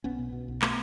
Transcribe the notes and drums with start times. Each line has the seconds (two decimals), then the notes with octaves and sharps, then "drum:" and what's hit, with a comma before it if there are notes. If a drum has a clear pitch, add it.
0.04 B1 B3 C#4
0.19 B2
0.33 B2
0.48 B1
0.62 B2 A3 B3, drum: clap